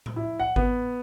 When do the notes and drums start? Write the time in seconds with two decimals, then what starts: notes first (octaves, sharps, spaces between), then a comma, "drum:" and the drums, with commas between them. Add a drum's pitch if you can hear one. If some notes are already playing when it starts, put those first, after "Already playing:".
0.06 drum: tom A2
0.16 E4
0.40 F#5
0.56 B3, drum: kick G#1